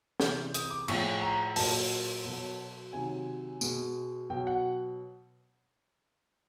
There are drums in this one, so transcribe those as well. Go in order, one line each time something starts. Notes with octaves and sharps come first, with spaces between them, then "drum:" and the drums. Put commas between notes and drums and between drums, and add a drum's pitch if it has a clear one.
C3 E3 G#3 G6, drum: snare
D#6, drum: hi-hat
D6
A2 F3 G#3 C#6, drum: cymbal
A#5
A#2 F#3 A5, drum: open hi-hat
B2 F#3
C3 D#3 F#3 G#5
B2 G#3, drum: tambourine
B2 F#3 G5
F#5